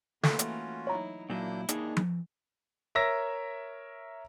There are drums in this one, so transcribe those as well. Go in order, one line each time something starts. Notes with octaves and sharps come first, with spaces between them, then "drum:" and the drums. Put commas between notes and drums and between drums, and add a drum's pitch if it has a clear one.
E3 A3 A#3 C#4 F4 F#4 A4, drum: snare
drum: hi-hat
F#3 D#4 E4 C#5 A#5
A#2 F#3 A#3 D4 E4 G6
D#3 A#3 D4 D#4 G#4, drum: hi-hat
drum: tom F3
A#4 C#5 E5 E6 A#6